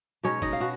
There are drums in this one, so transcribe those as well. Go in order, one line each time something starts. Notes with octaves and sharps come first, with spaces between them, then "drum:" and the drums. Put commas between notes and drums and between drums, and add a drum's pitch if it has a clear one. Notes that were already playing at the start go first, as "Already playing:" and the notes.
B2 G#3 C#4 D#4 C#5
D#4 D#5, drum: kick, cymbal
F5
B2 F#4